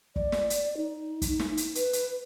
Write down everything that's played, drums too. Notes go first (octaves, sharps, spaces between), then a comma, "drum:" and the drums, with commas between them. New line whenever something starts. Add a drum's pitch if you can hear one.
D5, drum: kick
drum: snare
drum: hi-hat
D#4
drum: kick, hi-hat
drum: snare
drum: hi-hat
B4, drum: hi-hat
drum: hi-hat